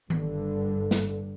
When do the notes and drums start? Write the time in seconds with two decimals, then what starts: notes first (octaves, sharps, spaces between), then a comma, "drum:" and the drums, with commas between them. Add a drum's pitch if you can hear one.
0.10 G1 G2 D3, drum: tom D#3
0.91 drum: snare